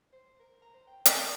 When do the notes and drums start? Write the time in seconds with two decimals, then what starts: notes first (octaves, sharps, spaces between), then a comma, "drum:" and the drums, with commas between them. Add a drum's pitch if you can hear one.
0.13 C5
0.40 A#4
0.62 A#5
0.74 C5
0.87 G5
1.06 A#4, drum: hi-hat